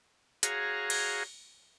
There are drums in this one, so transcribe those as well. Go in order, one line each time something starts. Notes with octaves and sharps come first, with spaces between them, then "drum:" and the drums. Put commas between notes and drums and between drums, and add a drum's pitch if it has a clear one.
F#4 G#4 C#5 F5 A#5, drum: hi-hat
drum: cymbal